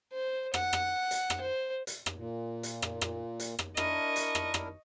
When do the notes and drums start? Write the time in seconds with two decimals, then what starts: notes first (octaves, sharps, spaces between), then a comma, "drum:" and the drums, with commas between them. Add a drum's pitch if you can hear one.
0.13 C5
0.54 F#5, drum: rim click
0.73 drum: rim click
1.11 drum: hi-hat
1.30 drum: rim click
1.41 C5
1.87 drum: hi-hat
2.06 drum: rim click
2.16 A#2
2.63 drum: hi-hat
2.82 drum: rim click
3.01 drum: rim click
3.40 drum: hi-hat
3.59 drum: rim click
3.77 D4 E4 A#4 D#5 C#6, drum: rim click
4.16 drum: hi-hat
4.35 drum: rim click
4.54 drum: rim click